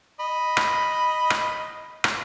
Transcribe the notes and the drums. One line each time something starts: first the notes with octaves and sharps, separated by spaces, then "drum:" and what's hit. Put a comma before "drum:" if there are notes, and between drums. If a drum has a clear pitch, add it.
D#5 B5
drum: rim click
drum: rim click
drum: rim click